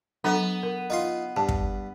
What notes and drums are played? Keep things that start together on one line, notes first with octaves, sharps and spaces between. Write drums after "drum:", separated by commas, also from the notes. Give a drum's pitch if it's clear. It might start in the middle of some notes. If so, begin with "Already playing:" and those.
F#3 B3 D4 A4
A#4
D#4 F4 C6
G2 A5
drum: kick